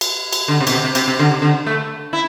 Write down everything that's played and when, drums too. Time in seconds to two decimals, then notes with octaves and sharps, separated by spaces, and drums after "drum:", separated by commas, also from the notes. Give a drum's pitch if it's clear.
0.01 drum: cymbal
0.33 drum: cymbal
0.48 D3
0.61 C3
0.67 B2, drum: cymbal
0.72 C3
0.84 C3
0.95 C3, drum: cymbal
1.08 C3
1.19 D3
1.31 C3
1.42 D3
1.66 A3
2.13 E4